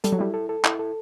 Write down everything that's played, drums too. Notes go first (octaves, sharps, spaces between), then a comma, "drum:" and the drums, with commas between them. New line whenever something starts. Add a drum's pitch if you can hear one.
G3 A4, drum: hi-hat
F#3
G3 E4
A4
A4
E4, drum: clap
A4